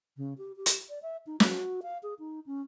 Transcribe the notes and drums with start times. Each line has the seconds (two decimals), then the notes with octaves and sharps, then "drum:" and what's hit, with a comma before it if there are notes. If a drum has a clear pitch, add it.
0.17 C#3
0.38 G4
0.56 G4
0.66 drum: hi-hat
0.89 D5
1.02 E5
1.27 D#4
1.40 F#4, drum: snare
1.83 F5
2.03 G#4
2.19 D#4
2.46 C#4